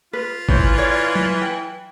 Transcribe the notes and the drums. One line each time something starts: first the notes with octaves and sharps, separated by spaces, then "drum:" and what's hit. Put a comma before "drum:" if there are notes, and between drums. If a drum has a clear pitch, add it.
F4 B4
E3 E4 C5 C#5, drum: kick G#1
C#5 D5
drum: tom F#3
G5